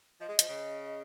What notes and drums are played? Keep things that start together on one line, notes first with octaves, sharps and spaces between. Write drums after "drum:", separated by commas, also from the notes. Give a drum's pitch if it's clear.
F3 D#5
G#3
F3, drum: hi-hat
C#3